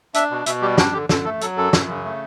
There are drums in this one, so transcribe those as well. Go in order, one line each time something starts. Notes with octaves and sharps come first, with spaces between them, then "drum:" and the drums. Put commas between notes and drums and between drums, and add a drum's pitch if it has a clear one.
D4 E5, drum: hi-hat
B2
B2 E5, drum: hi-hat
G3 G4
D4 F#4, drum: snare
D3 G4
D3 A4, drum: snare
A3 A4
F#3 A4, drum: hi-hat
F#2 A4
F#2, drum: snare
C#3
A3